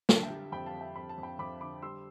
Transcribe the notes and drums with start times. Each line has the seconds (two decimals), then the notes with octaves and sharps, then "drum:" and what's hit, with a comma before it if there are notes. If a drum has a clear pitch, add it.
0.09 D3 G5, drum: snare
0.16 A5
0.23 E5 G5
0.30 G3
0.52 F2 G5 B5
0.66 F5 A5
0.74 F2
0.81 E5 G5
0.96 F2 B5
1.09 A5
1.18 F2
1.23 G5 B5
1.39 F2 B5 D6
1.61 D3 B5 D6
1.82 G3 C6 E6